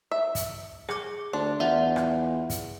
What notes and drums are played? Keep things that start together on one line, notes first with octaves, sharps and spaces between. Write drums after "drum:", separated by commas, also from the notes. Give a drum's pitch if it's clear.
E5
drum: kick, hi-hat
G#4 D6, drum: rim click
D2 D4 C6
E2 F4 D5 E5 F#5
drum: rim click
drum: kick, hi-hat